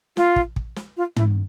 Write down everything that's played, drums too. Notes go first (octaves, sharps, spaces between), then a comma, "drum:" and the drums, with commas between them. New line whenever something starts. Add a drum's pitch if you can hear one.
F4, drum: snare
drum: kick
drum: kick
drum: snare
F4
E4, drum: tom